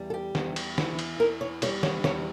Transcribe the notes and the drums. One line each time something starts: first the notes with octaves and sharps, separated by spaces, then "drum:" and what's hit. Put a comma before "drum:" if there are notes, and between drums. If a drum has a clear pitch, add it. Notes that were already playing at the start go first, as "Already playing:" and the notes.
Already playing: E2 G3
A4
G4
E2, drum: snare
drum: cymbal
E3, drum: snare
drum: cymbal
E2 A#4
C#5
G3 C#5, drum: cymbal
C#5, drum: snare
E2 C#5, drum: snare